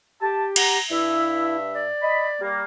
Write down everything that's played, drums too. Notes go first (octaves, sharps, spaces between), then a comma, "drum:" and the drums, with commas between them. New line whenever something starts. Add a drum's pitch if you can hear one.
G4 A5
F#5 A#5, drum: cymbal
G2 E4 E5
D5
D#5 B5
G3 A#3